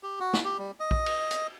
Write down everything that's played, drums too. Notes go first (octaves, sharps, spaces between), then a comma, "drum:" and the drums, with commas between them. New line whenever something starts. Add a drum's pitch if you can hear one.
G4
F#4
drum: snare
G4
G3
D#5
drum: kick A#1
drum: cymbal
drum: hi-hat